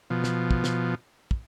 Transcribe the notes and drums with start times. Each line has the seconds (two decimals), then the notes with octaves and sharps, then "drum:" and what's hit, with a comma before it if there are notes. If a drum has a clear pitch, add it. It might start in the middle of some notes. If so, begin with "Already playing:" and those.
0.10 B2 F3
0.24 drum: snare
0.51 drum: kick
0.64 drum: snare
1.31 drum: kick